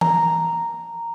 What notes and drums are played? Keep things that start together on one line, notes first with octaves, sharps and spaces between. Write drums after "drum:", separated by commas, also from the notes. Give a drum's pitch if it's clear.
A#5, drum: tom E3